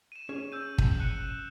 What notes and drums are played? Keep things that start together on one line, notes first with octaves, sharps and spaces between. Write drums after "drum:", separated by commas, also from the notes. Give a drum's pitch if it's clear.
D#7 E7
C#4 G#4 C#5
E6 G6 D#7
drum: kick
F#6 C#7 D#7
E7